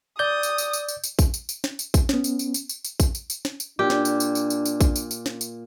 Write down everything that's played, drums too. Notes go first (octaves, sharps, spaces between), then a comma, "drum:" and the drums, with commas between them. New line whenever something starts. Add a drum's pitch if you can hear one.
D5 D#6 G6
drum: tambourine
drum: tambourine
drum: tambourine
drum: tambourine
drum: tambourine
drum: kick A#1, tambourine
drum: tambourine
drum: tambourine
drum: snare
drum: tambourine
drum: kick A#1, tambourine
B3 C#4, drum: snare
drum: tambourine
drum: tambourine
drum: tambourine
drum: tambourine
drum: tambourine
drum: kick A#1, tambourine
drum: tambourine
drum: tambourine
drum: snare
drum: tambourine
A#2 D4 G4
drum: snare
drum: tambourine
drum: tambourine
drum: tambourine
drum: tambourine
drum: tambourine
drum: kick A#1, tambourine
drum: tambourine
drum: tambourine
drum: snare
drum: tambourine